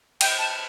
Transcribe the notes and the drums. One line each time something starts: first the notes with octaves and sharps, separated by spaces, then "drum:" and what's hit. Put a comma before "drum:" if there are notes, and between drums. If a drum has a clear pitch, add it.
G5, drum: cymbal
A5